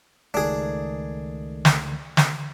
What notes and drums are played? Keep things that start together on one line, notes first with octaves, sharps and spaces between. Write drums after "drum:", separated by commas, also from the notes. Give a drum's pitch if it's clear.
C#2 D#3 A3 D4 G#4
drum: snare
drum: snare